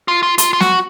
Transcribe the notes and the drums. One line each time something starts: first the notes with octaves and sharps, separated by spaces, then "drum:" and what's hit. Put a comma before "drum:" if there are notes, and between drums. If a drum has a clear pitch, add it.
F4
F4
F4, drum: hi-hat
F4
F#4, drum: snare